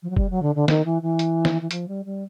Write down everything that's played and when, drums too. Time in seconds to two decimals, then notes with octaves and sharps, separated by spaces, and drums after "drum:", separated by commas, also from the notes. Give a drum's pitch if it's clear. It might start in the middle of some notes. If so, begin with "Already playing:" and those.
0.02 F3
0.10 F#3
0.17 G3, drum: kick
0.30 F#3
0.42 D3
0.55 D3
0.68 D#3, drum: snare
0.84 E3
1.02 E3
1.19 drum: hi-hat
1.45 drum: snare
1.61 E3
1.71 F3, drum: hi-hat
1.88 G3
2.05 G3